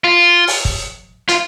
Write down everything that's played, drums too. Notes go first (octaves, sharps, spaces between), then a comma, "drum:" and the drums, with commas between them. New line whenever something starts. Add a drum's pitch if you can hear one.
F4
drum: open hi-hat
drum: kick
F4, drum: hi-hat